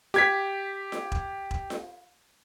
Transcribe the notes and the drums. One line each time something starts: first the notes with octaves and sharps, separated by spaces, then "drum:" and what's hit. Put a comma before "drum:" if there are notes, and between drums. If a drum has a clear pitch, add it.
G4 G#6 B6, drum: snare F4
drum: snare F4
drum: kick E1
drum: kick E1
drum: snare F4